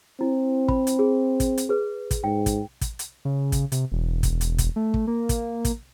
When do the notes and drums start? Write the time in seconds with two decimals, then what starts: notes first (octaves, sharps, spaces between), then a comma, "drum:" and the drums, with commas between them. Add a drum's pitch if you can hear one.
0.21 C4 E4
0.68 B5, drum: kick
0.87 drum: hi-hat
0.99 G#4
1.40 drum: kick, hi-hat
1.58 drum: hi-hat
1.69 G#4 B4
2.11 drum: kick, hi-hat
2.24 G#2 G5
2.46 drum: kick, hi-hat
2.81 drum: kick, hi-hat
2.99 drum: hi-hat
3.25 C#3
3.52 drum: kick, hi-hat
3.72 C3, drum: hi-hat
3.92 E1
4.23 drum: kick, hi-hat
4.41 drum: hi-hat
4.58 drum: kick, hi-hat
4.76 A3
4.94 drum: kick
5.07 A#3
5.29 drum: kick, hi-hat
5.65 drum: kick, hi-hat